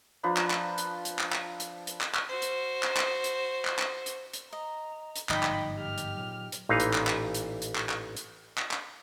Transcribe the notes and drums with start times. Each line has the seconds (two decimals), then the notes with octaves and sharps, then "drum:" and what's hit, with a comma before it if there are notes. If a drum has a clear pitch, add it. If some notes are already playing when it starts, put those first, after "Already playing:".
0.23 F3 D4 B4 A#5
0.37 drum: clap
0.50 drum: clap
0.78 drum: hi-hat
1.05 drum: hi-hat
1.19 drum: clap
1.33 drum: clap
1.60 drum: hi-hat
1.87 drum: hi-hat
2.01 drum: clap
2.15 drum: clap
2.29 F#4 C5
2.42 drum: hi-hat
2.83 drum: clap
2.97 drum: clap
3.24 drum: hi-hat
3.65 drum: clap
3.79 drum: clap
4.06 drum: hi-hat
4.33 drum: hi-hat
4.53 D#5 A#5
5.16 drum: hi-hat
5.29 G1 G#2 F3 D#4 G5 B5 D#6, drum: clap
5.43 drum: clap
5.76 G4 F6
5.98 drum: hi-hat
6.17 A#2 F#3
6.52 drum: hi-hat
6.69 A1 A#2 E3 D#4 B4 F5
6.80 drum: hi-hat
6.93 drum: clap
7.07 drum: clap
7.34 drum: hi-hat
7.62 drum: hi-hat
7.76 drum: clap
7.89 drum: clap
8.17 drum: hi-hat
8.58 drum: clap
8.71 drum: clap